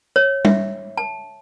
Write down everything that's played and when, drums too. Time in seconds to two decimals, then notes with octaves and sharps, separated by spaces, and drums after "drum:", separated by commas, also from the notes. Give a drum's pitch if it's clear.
0.16 C#5
0.45 E5, drum: tom G3
0.98 A5